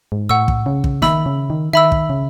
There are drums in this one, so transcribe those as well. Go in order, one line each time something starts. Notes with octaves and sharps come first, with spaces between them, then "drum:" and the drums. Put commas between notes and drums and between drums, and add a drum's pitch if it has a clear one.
G#2
A2 F#5 C#6 E6
drum: kick
C#3
drum: kick
D#3 E5 B5 E6, drum: snare
C#3
D#3
D#3 E5 B5 E6
drum: kick
C#3